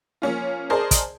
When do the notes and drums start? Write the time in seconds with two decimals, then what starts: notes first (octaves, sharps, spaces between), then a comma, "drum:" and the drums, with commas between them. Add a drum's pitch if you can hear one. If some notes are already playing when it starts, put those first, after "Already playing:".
0.22 F3 A#3 C#4 F4
0.70 G#4 A#4 C5 D5 D#5 A5
0.91 drum: kick, hi-hat